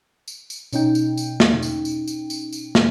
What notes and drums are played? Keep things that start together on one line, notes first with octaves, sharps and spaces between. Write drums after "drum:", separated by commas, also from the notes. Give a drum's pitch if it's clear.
drum: tambourine
drum: tambourine
B2 C#4 D#4 G5, drum: tambourine
drum: tambourine
drum: tambourine
drum: snare
drum: tambourine
drum: tambourine
drum: tambourine
drum: tambourine
drum: tambourine
drum: snare